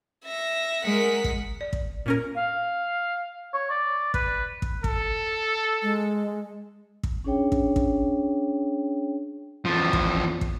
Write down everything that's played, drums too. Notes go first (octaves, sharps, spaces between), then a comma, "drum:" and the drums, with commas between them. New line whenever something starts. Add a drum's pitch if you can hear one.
E5 A#6
G#3 A#4 F#5 B6
drum: kick
D5
drum: kick
A#2 C#4 A#4
F5
C#5
D5
B4, drum: kick
drum: kick
A4, drum: kick
G#3
drum: kick
C#4 D4 G#4 C#5 G5
drum: kick
drum: kick
E2 F3
drum: kick
drum: kick